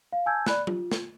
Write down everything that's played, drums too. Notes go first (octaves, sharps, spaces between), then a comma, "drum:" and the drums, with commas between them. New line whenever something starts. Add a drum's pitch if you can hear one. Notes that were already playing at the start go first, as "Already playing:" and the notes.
F5
G#5 A5 E6 G6 G#6
D5 B5 F#6, drum: snare
F4, drum: tom F#3
drum: snare